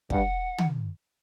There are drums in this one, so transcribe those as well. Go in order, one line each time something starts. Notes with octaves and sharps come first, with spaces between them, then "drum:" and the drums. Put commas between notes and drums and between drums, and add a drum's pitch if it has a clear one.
G2 F#5, drum: kick
drum: tom